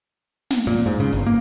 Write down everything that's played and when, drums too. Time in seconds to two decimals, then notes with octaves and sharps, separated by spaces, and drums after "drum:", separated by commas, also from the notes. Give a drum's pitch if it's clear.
0.50 drum: snare
0.67 A#2
0.86 G#2
1.00 C#3
1.12 G1
1.26 A#3